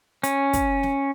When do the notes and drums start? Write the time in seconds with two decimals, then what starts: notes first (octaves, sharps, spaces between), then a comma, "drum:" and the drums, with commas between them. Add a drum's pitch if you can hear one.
0.24 C#4, drum: hi-hat
0.53 drum: kick, hi-hat
0.83 drum: snare